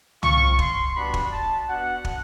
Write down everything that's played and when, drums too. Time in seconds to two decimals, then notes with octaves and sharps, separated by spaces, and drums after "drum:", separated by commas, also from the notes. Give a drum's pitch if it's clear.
0.23 C4 F4 C#6, drum: tom
0.59 C6, drum: kick
0.96 G3 B3 D4 F#4 B5
1.14 drum: kick
1.31 A5
1.68 B3 D4 F#4 F#5
2.05 drum: kick